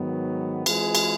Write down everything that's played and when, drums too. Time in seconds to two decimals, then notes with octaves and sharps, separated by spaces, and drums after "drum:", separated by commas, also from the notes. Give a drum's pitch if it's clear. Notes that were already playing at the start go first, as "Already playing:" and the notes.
Already playing: G#2 D#3 F#3 B3
0.66 E3 G#3 C4 F4 G#4, drum: cymbal
0.95 drum: cymbal